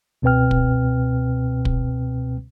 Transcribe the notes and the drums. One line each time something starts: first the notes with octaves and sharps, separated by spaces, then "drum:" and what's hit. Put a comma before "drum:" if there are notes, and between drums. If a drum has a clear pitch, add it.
C#2 B2 C4 B4 G5 F6
drum: kick
drum: kick